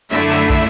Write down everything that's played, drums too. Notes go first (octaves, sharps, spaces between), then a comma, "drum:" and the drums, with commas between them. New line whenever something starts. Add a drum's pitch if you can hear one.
F#2 D3 A3 E4 E5
drum: clap
drum: kick